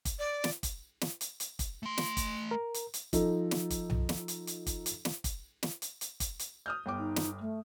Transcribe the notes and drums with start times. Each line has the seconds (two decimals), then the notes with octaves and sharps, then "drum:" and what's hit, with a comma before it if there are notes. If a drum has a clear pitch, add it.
0.05 drum: kick, hi-hat
0.19 D5
0.44 drum: snare
0.63 drum: kick, hi-hat
1.01 drum: snare
1.21 drum: hi-hat
1.40 drum: hi-hat
1.59 drum: kick, hi-hat
1.83 A3 C6
1.98 drum: snare
2.17 drum: kick, hi-hat
2.51 A#4
2.74 drum: hi-hat
2.94 drum: hi-hat
3.13 F3 D#4 A4, drum: kick, hi-hat
3.51 drum: snare
3.70 drum: kick, hi-hat
3.90 drum: tom B1
4.09 drum: snare
4.28 drum: hi-hat
4.47 drum: hi-hat
4.67 drum: kick, hi-hat
4.86 drum: hi-hat
5.05 drum: snare
5.24 drum: kick, hi-hat
5.63 drum: snare
5.82 drum: hi-hat
6.01 drum: hi-hat
6.20 drum: kick, hi-hat
6.39 drum: hi-hat
6.66 D#6 F6 G6
6.86 G1 G5 D6
6.98 D#4
7.16 drum: snare
7.40 A3